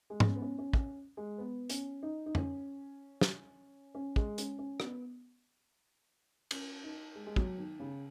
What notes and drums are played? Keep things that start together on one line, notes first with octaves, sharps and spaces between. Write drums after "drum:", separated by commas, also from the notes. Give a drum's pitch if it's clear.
G#3
B3, drum: tom
C#4
B3
C#4
C#4
C#4, drum: kick
G#3
B3
C#4, drum: hi-hat
D#4
D#4
C#4, drum: tom F2
drum: snare
C#4
G#3, drum: kick
C#4, drum: hi-hat
C#4
B3, drum: rim click
C#4, drum: cymbal
D#4
G#3
G#3
F#3, drum: kick
D#3
C#3